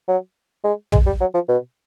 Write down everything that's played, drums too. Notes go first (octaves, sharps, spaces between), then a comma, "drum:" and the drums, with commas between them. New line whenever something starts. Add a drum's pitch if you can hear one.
F#3
G#3
G#3, drum: tom
G3
F#3
F3
B2